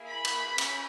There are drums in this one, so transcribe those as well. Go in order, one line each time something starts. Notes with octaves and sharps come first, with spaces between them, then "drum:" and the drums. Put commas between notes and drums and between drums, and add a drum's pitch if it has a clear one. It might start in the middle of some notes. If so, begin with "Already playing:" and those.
Already playing: A#3 E4 G#4
B5
drum: cymbal
C#4, drum: cymbal